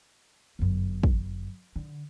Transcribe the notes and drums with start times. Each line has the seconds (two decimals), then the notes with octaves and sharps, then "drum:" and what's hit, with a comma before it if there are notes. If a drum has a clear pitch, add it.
0.59 G1 F#2
1.03 drum: kick
1.76 D3